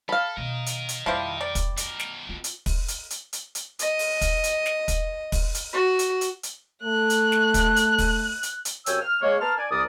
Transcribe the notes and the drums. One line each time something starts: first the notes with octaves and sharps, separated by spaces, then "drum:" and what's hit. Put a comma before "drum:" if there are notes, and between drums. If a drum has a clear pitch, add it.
A4 F5 B5
B2 A#4 D#5
drum: hi-hat
drum: hi-hat
F2 F3 G3 E4 C5
D5
drum: kick, hi-hat
B2 A#4, drum: hi-hat
drum: snare
F4
drum: hi-hat
drum: kick, open hi-hat
drum: hi-hat
drum: hi-hat
drum: hi-hat
drum: hi-hat
D#5, drum: hi-hat
drum: open hi-hat
drum: kick, hi-hat
drum: hi-hat
drum: snare
drum: kick, hi-hat
drum: kick, open hi-hat
drum: hi-hat
F#4
drum: hi-hat
drum: hi-hat
drum: hi-hat
A3 F#6
drum: hi-hat
drum: snare
drum: kick, hi-hat
drum: hi-hat
drum: kick, open hi-hat
drum: hi-hat
drum: hi-hat
F#2 C3 C#5 G5 G#5 E6, drum: hi-hat
F6
G#3 A#3 C#5
B3 A#4 A5 C6 F6
D5 G#5
C2 A#4 D5 D#6